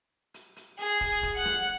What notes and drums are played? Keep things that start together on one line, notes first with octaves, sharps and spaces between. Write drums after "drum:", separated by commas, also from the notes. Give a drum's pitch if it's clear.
drum: hi-hat
drum: hi-hat
G#4, drum: hi-hat
drum: kick, hi-hat
drum: kick, hi-hat
F#5
drum: snare